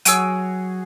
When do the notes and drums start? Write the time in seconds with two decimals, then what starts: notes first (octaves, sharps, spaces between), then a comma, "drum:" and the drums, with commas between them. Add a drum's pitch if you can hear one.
0.05 F#3 F#4 G#4 C#5 E6 D7 D#7, drum: hi-hat